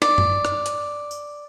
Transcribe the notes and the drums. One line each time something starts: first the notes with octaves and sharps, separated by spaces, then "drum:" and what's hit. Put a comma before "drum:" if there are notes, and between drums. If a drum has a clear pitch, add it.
D5, drum: snare
drum: tom F#2
drum: rim click
drum: hi-hat
drum: tambourine